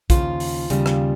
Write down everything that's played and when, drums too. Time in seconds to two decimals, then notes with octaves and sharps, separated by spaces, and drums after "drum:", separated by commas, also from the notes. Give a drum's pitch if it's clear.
0.10 D#2 C#3 F3 F4, drum: kick, hi-hat
0.40 drum: open hi-hat
0.70 D#2 C#3 G3, drum: hi-hat
0.86 drum: rim click